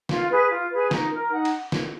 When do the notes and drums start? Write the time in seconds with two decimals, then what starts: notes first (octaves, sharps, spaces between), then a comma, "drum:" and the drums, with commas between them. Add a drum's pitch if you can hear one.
0.09 F4, drum: snare
0.31 G#4 B4
0.50 F4
0.71 G#4 B4
0.91 D#4, drum: snare
1.12 A#4
1.31 D#4 F#5
1.45 drum: cymbal
1.72 drum: snare